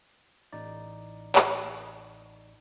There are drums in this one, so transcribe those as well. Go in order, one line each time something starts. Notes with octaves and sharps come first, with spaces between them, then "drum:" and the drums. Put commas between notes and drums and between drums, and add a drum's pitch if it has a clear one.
A1 D#4 D5
drum: clap